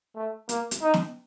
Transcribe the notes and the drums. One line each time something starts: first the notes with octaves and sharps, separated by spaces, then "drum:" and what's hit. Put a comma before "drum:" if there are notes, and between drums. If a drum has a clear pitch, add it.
A3
A#3, drum: hi-hat
drum: hi-hat
D#4
drum: snare